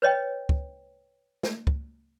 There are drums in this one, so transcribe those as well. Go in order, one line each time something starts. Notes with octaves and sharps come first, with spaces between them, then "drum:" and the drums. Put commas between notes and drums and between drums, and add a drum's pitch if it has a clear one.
B4 C#5 D#5 G5
drum: kick
drum: snare
drum: kick